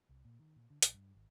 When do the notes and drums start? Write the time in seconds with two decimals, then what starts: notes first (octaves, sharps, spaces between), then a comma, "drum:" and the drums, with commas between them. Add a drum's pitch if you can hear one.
0.09 C2
0.25 A#2
0.39 D#3
0.56 A#2
0.70 D3
0.82 A#1, drum: hi-hat
0.94 G2
1.15 G#1